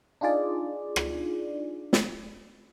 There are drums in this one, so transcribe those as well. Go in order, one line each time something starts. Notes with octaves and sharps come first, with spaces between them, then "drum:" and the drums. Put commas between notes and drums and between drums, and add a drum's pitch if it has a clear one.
D4 D#4 F4 G#4 D5
drum: rim click
drum: snare